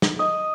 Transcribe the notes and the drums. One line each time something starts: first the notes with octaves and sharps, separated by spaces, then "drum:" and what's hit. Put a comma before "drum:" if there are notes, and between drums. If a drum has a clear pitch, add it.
drum: snare
D#5